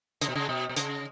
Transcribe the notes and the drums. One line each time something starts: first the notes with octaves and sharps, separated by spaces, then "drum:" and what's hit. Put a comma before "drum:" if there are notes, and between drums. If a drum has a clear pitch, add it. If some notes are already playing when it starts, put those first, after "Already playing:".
C#3, drum: hi-hat
B2
C#3
B2
B2
C#3, drum: hi-hat